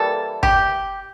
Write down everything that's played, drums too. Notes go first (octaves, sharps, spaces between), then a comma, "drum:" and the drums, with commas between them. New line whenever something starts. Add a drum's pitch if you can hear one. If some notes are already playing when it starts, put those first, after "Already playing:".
Already playing: E3 G3 A#3 A4
G4, drum: kick